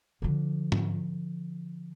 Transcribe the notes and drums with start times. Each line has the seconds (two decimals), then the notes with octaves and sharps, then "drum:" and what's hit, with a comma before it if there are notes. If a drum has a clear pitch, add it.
0.22 D3 F3
0.72 drum: tom G#2